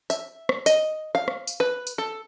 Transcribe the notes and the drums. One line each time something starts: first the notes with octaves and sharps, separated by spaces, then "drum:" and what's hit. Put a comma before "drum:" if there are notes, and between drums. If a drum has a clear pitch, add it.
E5, drum: tambourine
drum: rim click
D#5, drum: tambourine
F5
drum: rim click
drum: tambourine
B4
drum: tambourine
A4